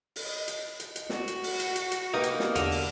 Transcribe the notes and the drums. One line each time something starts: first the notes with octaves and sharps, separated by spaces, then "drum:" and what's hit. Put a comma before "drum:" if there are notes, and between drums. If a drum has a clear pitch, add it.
drum: open hi-hat
D#5
drum: hi-hat
drum: hi-hat
drum: hi-hat
F#4, drum: snare
drum: hi-hat
drum: open hi-hat
drum: hi-hat
drum: hi-hat
drum: hi-hat
A#3 D#4 G4 B4
drum: hi-hat
drum: snare
E2 D3 F6, drum: hi-hat
drum: open hi-hat